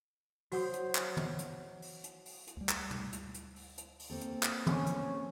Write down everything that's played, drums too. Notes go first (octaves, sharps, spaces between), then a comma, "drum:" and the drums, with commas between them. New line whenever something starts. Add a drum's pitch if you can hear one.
F#3 F#4 C5 F#5 D#6, drum: open hi-hat
drum: hi-hat
drum: clap
drum: tom
drum: hi-hat
drum: open hi-hat
drum: hi-hat
drum: open hi-hat
drum: hi-hat
D2 G3
drum: clap
drum: tom
drum: hi-hat
drum: hi-hat
drum: open hi-hat
drum: hi-hat
drum: open hi-hat
A#3 C4 A4
drum: hi-hat
drum: clap
C#4, drum: tom
drum: hi-hat